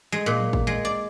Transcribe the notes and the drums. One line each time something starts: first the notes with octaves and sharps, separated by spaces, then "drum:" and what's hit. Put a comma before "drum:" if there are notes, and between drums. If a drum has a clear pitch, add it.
G#3
A#2
drum: tom F3
drum: kick
G#3
D5